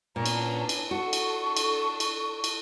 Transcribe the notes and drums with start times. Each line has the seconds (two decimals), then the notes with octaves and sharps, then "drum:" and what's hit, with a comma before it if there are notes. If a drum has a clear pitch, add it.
0.16 A#2 B3 C#4 D4 A#5
0.26 drum: cymbal
0.69 drum: cymbal
0.91 D4 F#4 A4 C#6
1.13 drum: cymbal
1.57 drum: cymbal
2.00 drum: cymbal
2.44 drum: cymbal